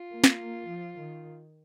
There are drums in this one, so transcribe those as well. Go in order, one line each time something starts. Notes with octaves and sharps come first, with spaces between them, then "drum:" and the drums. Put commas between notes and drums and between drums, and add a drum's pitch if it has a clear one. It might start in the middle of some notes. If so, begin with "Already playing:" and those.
Already playing: F4
A#3
drum: snare
A#3
F3
D#3